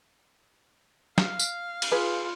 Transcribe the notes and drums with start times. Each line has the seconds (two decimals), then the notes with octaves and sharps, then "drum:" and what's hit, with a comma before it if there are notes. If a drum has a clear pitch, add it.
1.18 F5, drum: snare
1.39 drum: tambourine
1.82 drum: cymbal
1.92 F4 G#4 B4